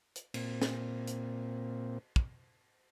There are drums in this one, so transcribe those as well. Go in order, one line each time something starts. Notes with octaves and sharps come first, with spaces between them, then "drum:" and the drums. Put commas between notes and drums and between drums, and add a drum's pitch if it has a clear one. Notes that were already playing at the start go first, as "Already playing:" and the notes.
drum: hi-hat
A#2 C4, drum: cymbal
drum: snare
drum: hi-hat
drum: kick